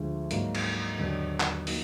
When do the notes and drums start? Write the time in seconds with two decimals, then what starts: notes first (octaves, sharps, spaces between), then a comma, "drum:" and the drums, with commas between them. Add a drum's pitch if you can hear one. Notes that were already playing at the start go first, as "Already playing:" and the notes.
Already playing: D2 D3 F3 G#3
0.31 G#2 F#3 A#3, drum: hi-hat
0.55 drum: cymbal
0.99 D#2 D3 F#3 B3 D4
1.40 drum: clap
1.67 F3 A#3 D#4 F#4, drum: open hi-hat